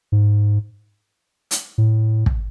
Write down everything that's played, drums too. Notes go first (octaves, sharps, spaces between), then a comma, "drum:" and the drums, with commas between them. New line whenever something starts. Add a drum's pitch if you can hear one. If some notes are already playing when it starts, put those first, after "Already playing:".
G#2
drum: hi-hat
A2
drum: kick